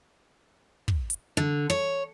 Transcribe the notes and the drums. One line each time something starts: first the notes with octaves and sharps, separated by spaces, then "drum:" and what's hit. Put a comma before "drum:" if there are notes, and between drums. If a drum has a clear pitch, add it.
drum: kick
drum: hi-hat
D3
C#5